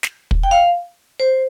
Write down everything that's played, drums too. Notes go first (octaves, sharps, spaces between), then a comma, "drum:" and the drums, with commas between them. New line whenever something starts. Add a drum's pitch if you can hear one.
drum: snare
drum: kick
G5
F5
C5